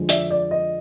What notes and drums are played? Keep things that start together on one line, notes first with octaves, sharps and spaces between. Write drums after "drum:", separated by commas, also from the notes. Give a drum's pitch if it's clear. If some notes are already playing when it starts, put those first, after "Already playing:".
Already playing: F2 D3 F3 G#3
D5 E5, drum: hi-hat
D5
D#5